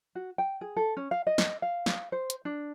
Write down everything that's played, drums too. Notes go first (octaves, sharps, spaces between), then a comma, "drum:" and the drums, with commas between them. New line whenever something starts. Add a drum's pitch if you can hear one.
F#4
G5
G#4
A4
C#4
F5
D#5
drum: snare
F5
drum: snare
C5
drum: hi-hat
D4